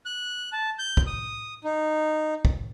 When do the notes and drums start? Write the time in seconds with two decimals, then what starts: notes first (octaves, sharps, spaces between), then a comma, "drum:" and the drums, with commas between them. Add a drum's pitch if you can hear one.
0.06 F#6
0.53 A5
0.79 G6
0.97 drum: kick
1.07 D#6
1.64 D#4
2.45 drum: kick